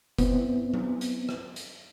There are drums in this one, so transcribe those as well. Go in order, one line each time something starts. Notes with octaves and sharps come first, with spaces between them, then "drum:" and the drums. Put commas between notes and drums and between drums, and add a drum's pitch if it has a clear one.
B3 C4 E4, drum: kick F1, hi-hat
drum: tom F#3
drum: hi-hat
drum: rim click
drum: hi-hat